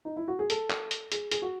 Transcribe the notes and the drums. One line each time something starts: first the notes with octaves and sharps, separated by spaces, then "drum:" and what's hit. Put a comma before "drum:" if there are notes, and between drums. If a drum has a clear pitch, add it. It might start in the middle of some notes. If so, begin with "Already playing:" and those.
D#4
E4
F#4
G#4
A4, drum: hi-hat
drum: clap
drum: hi-hat
G#4, drum: hi-hat
G#4, drum: hi-hat
F#4